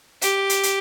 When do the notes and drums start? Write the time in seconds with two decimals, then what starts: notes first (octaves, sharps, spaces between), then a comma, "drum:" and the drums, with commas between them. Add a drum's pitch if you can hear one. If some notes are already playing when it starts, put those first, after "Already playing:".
0.22 G4, drum: hi-hat
0.49 drum: hi-hat
0.63 drum: hi-hat